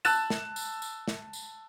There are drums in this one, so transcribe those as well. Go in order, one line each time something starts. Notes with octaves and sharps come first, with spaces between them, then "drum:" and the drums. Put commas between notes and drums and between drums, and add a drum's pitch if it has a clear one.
A5 E6 F#6 A6 E7, drum: tambourine
drum: snare
drum: tambourine
drum: tambourine
drum: snare
drum: tambourine